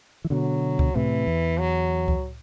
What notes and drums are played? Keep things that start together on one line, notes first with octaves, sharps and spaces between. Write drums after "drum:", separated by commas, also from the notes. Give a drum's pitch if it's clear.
E3
B2 D3 F#3
drum: kick C#2
A2 C3 E3
E2
F#3
drum: kick C#2